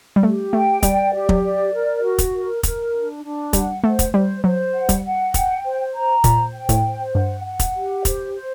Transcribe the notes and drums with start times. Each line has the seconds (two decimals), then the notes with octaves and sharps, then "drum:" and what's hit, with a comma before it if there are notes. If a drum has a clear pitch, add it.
0.16 G3
0.23 A3 G4
0.53 A3 G5
0.83 G3 D5, drum: kick, hi-hat
1.13 G4
1.29 F#3, drum: kick
1.44 D5
1.73 A#4
2.03 F#4
2.18 drum: kick, hi-hat
2.34 A#4
2.63 A#4, drum: kick, hi-hat
2.93 D4
3.24 D4
3.53 G3 F#5, drum: kick, hi-hat
3.84 A3 C5
3.99 drum: kick, hi-hat
4.14 G3 C5
4.44 F#3 C5
4.74 F#5
4.89 G3, drum: kick, hi-hat
5.04 F#5
5.34 G5, drum: kick, hi-hat
5.64 C5
5.95 A#5
6.24 A#2 C5, drum: kick, hi-hat
6.54 G5
6.69 A2, drum: kick, hi-hat
6.84 C5
7.14 G2 F#5
7.44 F#5
7.59 drum: kick, hi-hat
7.75 G4
8.05 C5, drum: kick, hi-hat
8.34 C5